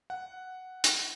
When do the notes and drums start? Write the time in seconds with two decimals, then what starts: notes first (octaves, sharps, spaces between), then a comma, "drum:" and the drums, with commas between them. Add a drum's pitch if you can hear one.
0.10 F#5
0.84 drum: hi-hat